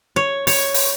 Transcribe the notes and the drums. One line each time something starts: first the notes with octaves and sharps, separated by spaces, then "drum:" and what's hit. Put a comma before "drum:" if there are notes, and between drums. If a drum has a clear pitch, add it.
C#5
C#5, drum: open hi-hat
drum: open hi-hat